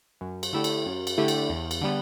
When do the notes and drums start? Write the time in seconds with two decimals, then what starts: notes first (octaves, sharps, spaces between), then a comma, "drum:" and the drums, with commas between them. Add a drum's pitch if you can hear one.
0.21 F#2
0.43 drum: cymbal
0.53 D3 A3 E4 G4
0.64 drum: cymbal
0.86 F#2
1.07 drum: cymbal
1.17 D3 A3 E4 G4
1.28 drum: cymbal
1.49 E2
1.71 drum: cymbal
1.81 D3 G3 B3